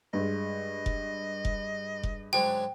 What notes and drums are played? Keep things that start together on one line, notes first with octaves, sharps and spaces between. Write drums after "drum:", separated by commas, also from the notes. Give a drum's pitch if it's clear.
G2 G#3 D#5
drum: kick F1
drum: kick F1
drum: kick F1
G#2 D3 F#3 G5